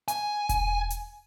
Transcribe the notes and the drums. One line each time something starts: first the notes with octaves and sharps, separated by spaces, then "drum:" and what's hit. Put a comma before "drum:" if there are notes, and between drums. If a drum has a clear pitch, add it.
G#5, drum: hi-hat
drum: kick E1, hi-hat
drum: hi-hat